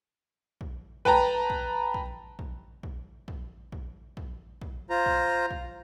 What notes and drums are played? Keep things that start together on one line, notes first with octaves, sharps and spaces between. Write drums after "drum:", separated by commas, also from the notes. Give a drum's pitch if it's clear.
drum: kick
B4 G5 A5 A#5, drum: kick
drum: kick
drum: kick
drum: kick
drum: kick
drum: kick
drum: kick
drum: kick
drum: kick
F4 C5 A#5
drum: kick
drum: kick